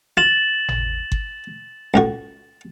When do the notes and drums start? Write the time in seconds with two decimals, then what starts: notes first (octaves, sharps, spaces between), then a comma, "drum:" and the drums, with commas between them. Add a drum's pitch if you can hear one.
0.17 F4 A6 E7 F#7
0.68 drum: tom G#1
1.12 drum: kick G1
1.94 C#2 A2 F#4